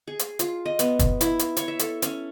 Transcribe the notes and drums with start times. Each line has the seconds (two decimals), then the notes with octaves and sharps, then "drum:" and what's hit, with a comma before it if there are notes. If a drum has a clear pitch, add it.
0.07 G#4
0.19 drum: hi-hat
0.39 F4, drum: hi-hat
0.65 D#5
0.79 B3, drum: hi-hat
0.99 drum: kick, hi-hat
1.21 E4, drum: hi-hat
1.39 drum: hi-hat
1.57 C#5, drum: hi-hat
1.68 E5
1.79 A4, drum: hi-hat
2.02 C#4, drum: hi-hat